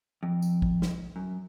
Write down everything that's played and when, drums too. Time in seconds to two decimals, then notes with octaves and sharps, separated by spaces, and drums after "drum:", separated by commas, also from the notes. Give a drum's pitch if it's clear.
0.23 F2
0.42 drum: tambourine
0.62 drum: kick
0.82 drum: snare
1.16 F#2